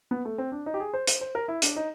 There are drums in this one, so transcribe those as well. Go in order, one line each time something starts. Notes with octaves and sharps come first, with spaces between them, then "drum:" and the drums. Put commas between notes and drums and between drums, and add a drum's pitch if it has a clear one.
B3
A3
C4
D4
D#4
G4
G#4
C5
C5, drum: hi-hat
C5
A#4
E4
D4, drum: hi-hat
D#4